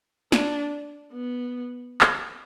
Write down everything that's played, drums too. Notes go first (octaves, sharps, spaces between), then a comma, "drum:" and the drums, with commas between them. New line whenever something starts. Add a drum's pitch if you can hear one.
D4, drum: snare
B3
drum: clap